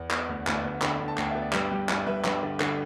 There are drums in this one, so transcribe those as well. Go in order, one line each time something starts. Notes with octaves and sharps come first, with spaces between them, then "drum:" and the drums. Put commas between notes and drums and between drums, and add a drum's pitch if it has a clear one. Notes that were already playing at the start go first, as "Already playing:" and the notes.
Already playing: E2
B3, drum: clap
D2
D2, drum: clap
D2
D3 G5 B5, drum: clap
D3
A5
D2 G5, drum: clap
B3 E5
D5
G2 G4 B4, drum: clap
G2 G4
G2, drum: clap
G2 B4 E5
G2 G4 B4, drum: clap
D3
D3, drum: clap